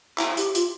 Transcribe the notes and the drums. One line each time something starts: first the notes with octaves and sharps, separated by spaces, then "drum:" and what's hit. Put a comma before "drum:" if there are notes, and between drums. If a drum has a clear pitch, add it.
E4, drum: clap
G4, drum: hi-hat
F4, drum: hi-hat